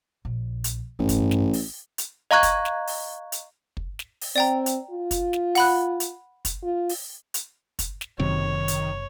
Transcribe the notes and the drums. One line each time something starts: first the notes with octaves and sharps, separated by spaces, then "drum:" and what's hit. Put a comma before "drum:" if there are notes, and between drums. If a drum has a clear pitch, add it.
A#1
drum: hi-hat
A1 G2
drum: kick, hi-hat
drum: snare
drum: open hi-hat
drum: hi-hat
D#5 F5 A#5 C#6 F#6 G#6
drum: kick, hi-hat
drum: snare
drum: open hi-hat
drum: hi-hat
drum: kick
drum: snare
drum: open hi-hat
C4 D5 G5 A#5
drum: hi-hat
F4
drum: kick, hi-hat
drum: snare
F#5 B5 F#6, drum: open hi-hat
drum: hi-hat
drum: kick, hi-hat
F4
drum: open hi-hat
drum: hi-hat
drum: kick, hi-hat
drum: snare
F#1 F#2 C3 D#3 C#5
drum: hi-hat